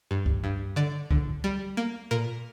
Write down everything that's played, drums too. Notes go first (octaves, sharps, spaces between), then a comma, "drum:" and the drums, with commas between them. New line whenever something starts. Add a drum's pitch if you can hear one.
G2
drum: kick C2
G2
D3 D5
D3, drum: kick C2
G3
A#3
A#2 A#4